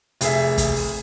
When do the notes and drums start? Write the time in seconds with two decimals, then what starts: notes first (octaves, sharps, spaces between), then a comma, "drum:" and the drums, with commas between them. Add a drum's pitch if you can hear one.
0.21 F1 G#4 E5, drum: hi-hat
0.58 drum: kick, hi-hat
0.76 drum: open hi-hat